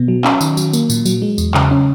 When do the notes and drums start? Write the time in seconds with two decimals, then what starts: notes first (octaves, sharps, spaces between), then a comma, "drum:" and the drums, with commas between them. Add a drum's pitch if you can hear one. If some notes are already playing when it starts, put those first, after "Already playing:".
Already playing: B2 B3
0.08 F#3
0.24 C#4, drum: clap
0.41 D#3, drum: tambourine
0.57 F#3, drum: tambourine
0.73 A#3, drum: tambourine
0.90 A#2, drum: tambourine
1.05 F#3, drum: tambourine
1.22 G#3
1.38 E2, drum: tambourine
1.54 C#3, drum: clap
1.71 C#4